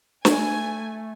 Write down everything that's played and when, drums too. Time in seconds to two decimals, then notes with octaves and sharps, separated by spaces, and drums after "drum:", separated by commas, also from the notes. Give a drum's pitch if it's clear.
0.25 A3 G#5, drum: snare